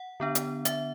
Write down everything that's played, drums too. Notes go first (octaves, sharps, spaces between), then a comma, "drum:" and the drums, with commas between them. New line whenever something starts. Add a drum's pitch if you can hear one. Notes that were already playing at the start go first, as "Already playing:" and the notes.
Already playing: F#5
D3 B3 D4
drum: hi-hat
E5, drum: hi-hat